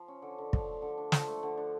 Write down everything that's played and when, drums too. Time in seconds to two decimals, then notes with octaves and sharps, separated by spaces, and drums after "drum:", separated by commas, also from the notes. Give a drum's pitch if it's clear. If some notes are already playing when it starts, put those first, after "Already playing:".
Already playing: F3
0.08 C#4
0.22 D3
0.38 D3
0.53 F3, drum: kick
0.68 A3
0.82 D3
0.98 D4
1.12 F3, drum: snare
1.28 A3
1.43 D3
1.57 D4